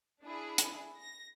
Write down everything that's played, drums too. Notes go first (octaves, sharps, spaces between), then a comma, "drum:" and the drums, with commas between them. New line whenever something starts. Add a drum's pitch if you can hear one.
D4 E4 G#4
drum: hi-hat
A#6